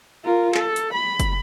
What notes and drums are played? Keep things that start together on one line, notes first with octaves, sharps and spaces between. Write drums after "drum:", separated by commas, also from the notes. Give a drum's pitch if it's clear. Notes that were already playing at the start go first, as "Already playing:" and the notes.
F4 A#4
A4, drum: clap
drum: hi-hat
B5
drum: kick, hi-hat